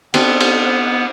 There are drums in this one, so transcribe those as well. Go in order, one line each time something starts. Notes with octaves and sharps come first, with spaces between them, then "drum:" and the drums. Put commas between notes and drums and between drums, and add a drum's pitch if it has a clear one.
B3 C4 D4, drum: cymbal
drum: cymbal